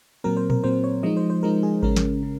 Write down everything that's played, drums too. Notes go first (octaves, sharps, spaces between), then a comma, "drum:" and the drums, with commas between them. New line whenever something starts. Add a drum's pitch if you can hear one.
A#2 F#3 C4 A#4
C5
A#4, drum: tom A#2
A#2 F#3 C4 C5
C#5
F3 G#3 D#4 D#5
C5
C5
F3 G#3 D#4 A#4
G#4
C#3 G#3 C#4 A#4, drum: kick G#1
drum: snare
C#3